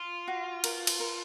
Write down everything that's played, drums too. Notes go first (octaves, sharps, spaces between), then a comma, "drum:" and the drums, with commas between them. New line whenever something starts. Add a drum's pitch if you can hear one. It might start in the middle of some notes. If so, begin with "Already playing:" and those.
Already playing: F4
F#4
A#4, drum: cymbal
drum: cymbal
A#4